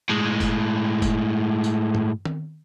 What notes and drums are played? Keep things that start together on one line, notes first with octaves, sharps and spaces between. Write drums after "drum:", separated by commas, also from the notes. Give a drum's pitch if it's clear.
A2 G#3
drum: kick F1, tambourine
drum: kick F1, tambourine
drum: tambourine
drum: tom G2
drum: tom D#3